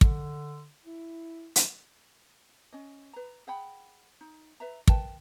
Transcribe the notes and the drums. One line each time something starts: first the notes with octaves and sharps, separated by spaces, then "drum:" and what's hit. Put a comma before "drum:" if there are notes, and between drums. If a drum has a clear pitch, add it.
D3, drum: kick
E4
drum: hi-hat
C#4 D#5
B4 A#5
G#4 F#5 G5 B5
D#4
B4 E5 A#5
A#4 B4 G5 A5, drum: kick